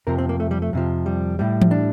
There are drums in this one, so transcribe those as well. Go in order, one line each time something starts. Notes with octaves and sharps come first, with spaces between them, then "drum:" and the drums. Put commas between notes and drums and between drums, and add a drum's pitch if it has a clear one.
F2 C3 F3 A#4
C4
A#3
A3
G3
A3
F2 C3 F3
G3
A2 G3
drum: tom E3
D4